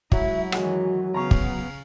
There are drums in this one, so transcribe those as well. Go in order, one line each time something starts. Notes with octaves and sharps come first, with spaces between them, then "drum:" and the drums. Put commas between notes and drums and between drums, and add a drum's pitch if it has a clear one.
F#3 G#3 E4 E5, drum: kick
F#2 D#3 E3 G#3 F#4 F#5, drum: rim click
C#3 B3 F5 A#5 C#6
drum: kick